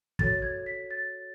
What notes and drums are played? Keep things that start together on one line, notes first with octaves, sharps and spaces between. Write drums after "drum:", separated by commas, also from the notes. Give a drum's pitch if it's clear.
F#4 A4 C#5 A6, drum: kick
G#6
B6
A6